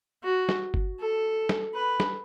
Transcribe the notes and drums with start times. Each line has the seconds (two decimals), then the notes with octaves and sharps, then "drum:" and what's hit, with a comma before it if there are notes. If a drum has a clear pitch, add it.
0.23 F#4
0.49 drum: snare
0.74 drum: kick G1
1.00 A4
1.49 drum: snare
1.74 B4
2.00 drum: snare